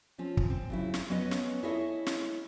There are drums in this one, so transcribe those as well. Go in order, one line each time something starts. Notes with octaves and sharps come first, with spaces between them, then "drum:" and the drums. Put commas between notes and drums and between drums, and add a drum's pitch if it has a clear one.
F3 C4 C#4
drum: kick
C4
C#3 F#3 E4
drum: snare
F#3 B3 C#4 B4 D#5
drum: snare
E4 G#4 A4 C#5 D#5 E5
drum: snare